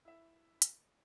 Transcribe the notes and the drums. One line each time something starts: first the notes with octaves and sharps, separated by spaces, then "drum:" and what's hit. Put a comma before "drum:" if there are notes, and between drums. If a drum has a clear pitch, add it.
E4 E5
drum: hi-hat